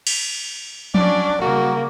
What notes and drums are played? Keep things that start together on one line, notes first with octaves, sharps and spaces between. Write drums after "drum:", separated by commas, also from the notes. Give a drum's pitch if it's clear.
drum: cymbal
F#3 C#4 D4 D5, drum: tom F3
C#3 G3 A#3 F#4